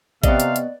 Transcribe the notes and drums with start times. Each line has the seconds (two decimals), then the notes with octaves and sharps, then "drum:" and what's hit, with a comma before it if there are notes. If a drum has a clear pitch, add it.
0.24 C3 B3 D5 D#5 F5, drum: kick A1, hi-hat
0.40 drum: hi-hat
0.56 drum: hi-hat